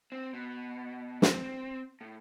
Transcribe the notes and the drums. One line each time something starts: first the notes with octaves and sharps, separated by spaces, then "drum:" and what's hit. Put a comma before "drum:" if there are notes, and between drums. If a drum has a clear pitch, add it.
C4
B2
C4, drum: snare
A2